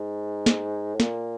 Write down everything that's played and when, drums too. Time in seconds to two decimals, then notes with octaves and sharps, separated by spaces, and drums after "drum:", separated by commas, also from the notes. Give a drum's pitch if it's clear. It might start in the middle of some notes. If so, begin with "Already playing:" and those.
Already playing: G#2
0.46 drum: snare
0.95 A2
1.00 A#2, drum: snare